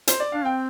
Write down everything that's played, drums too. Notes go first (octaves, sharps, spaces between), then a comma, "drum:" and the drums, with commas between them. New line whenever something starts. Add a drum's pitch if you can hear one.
C5, drum: hi-hat
D5
D4 F5
C4 G5